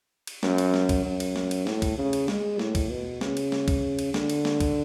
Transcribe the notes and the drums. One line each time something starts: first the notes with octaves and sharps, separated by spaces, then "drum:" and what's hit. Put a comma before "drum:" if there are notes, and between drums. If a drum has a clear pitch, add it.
drum: cymbal
F#2, drum: snare
drum: cymbal
drum: snare
drum: kick C2, cymbal
F#2
drum: cymbal
drum: snare
drum: cymbal
A2, drum: snare
drum: kick C2, cymbal
C#3
drum: cymbal
G#3, drum: snare
A2, drum: snare
drum: kick C2, cymbal
B2
C#3, drum: snare
drum: cymbal
drum: snare
drum: kick C2, cymbal
drum: cymbal
D3, drum: snare
drum: cymbal
drum: snare
drum: kick C2, cymbal